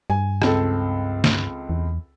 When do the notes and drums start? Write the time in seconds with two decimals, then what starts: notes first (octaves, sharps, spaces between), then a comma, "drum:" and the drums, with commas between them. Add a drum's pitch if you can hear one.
0.10 G2 G#5
0.42 C#2 C4 A4, drum: rim click
1.24 drum: snare
1.70 E2